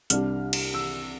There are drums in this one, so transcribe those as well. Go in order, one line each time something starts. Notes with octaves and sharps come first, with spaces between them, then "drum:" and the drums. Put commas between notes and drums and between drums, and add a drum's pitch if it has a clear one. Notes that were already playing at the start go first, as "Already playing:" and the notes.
C2 C3 G3 D4 F6, drum: hi-hat
drum: cymbal
E6